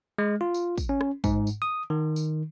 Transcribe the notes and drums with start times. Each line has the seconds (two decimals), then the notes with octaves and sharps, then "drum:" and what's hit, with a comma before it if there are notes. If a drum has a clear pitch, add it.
0.18 G#3
0.41 F4
0.54 drum: tambourine
0.78 drum: kick, tambourine
0.89 C#4
1.01 drum: rim click
1.24 G#2, drum: kick, tambourine
1.47 drum: tambourine
1.62 D#6
1.90 D#3
2.16 drum: tambourine